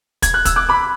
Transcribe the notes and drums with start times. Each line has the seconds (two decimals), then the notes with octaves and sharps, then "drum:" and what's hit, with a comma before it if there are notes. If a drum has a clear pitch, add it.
0.22 G#6, drum: kick, hi-hat
0.34 F#6
0.45 E6, drum: kick, hi-hat
0.56 D6 F#6
0.69 B5 D6